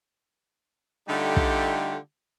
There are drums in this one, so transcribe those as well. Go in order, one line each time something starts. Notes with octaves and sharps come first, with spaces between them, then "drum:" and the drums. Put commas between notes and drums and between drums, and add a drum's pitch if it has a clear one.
D3 G3 A3 D#4 F4 G4
drum: kick